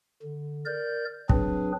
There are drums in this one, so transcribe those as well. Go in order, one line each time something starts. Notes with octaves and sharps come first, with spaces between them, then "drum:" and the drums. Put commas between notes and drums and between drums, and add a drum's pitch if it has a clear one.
D3
A#4 D5 G6
F#3 C4 D4 G#4 B4, drum: kick